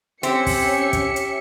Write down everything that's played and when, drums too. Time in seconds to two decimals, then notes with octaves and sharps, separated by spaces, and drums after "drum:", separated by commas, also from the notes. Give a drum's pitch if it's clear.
0.23 C4 C#4 G4 E5 C#7, drum: hi-hat
0.46 drum: kick, open hi-hat
0.93 drum: kick, hi-hat
1.16 drum: hi-hat